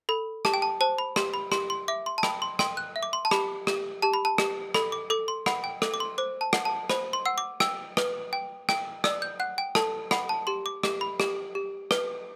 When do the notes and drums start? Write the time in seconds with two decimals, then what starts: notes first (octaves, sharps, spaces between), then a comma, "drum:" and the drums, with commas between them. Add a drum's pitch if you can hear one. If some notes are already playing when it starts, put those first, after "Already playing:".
0.09 A4 B5
0.45 G4 A5, drum: rim click
0.54 G5
0.62 A5
0.81 C5 A5
0.98 B5
1.16 G4 C6, drum: rim click
1.34 B5
1.52 G4 C6, drum: rim click
1.70 C6
1.88 E5 D6
2.06 C6
2.18 A5
2.23 G5 B5, drum: rim click
2.42 C6
2.59 G5 C6, drum: rim click
2.77 F#6
2.96 E5
3.03 D6
3.13 C6
3.25 A5
3.31 G4 B5, drum: rim click
3.67 G4, drum: rim click
4.02 G4 A5
4.14 B5
4.25 A5
4.38 G4, drum: rim click
4.74 A4 B5, drum: rim click
4.92 D6
5.10 A4 D6
5.28 C6
5.46 F#5 B5, drum: rim click
5.64 G5
5.82 A4 D6, drum: rim click
5.94 D6
6.00 C6
6.18 C5 D6
6.41 A5
6.53 F#5, drum: rim click
6.65 A5
6.90 C5 B5, drum: rim click
7.13 C6
7.26 F#5 E6
7.38 D6
7.60 G5 E6, drum: rim click
7.97 B4, drum: rim click
8.33 G5
8.69 G5, drum: rim click
9.04 D5 E6, drum: rim click
9.22 G6
9.40 F#5 F#6
9.58 G5
9.75 A4 A5, drum: rim click
10.11 F#5 B5, drum: rim click
10.29 A5
10.47 G4 C6
10.66 D6
10.83 G4 D6, drum: rim click
11.01 B5
11.20 G4, drum: rim click
11.55 G4
11.91 B4, drum: rim click